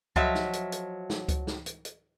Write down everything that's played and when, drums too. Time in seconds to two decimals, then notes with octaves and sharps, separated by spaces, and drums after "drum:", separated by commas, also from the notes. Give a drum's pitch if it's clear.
0.16 F3 F#3 D#5 E5, drum: kick C#2
0.35 drum: snare
0.53 drum: hi-hat
0.72 drum: hi-hat
1.10 drum: snare
1.28 drum: kick C#2, hi-hat
1.47 drum: snare
1.66 drum: hi-hat
1.85 drum: hi-hat